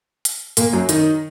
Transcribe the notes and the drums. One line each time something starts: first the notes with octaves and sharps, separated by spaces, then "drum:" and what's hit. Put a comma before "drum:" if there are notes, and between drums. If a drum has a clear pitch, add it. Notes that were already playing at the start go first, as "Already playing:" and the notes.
drum: hi-hat
A#2 A#3, drum: hi-hat
F#2 F#3
D#3 D#4, drum: hi-hat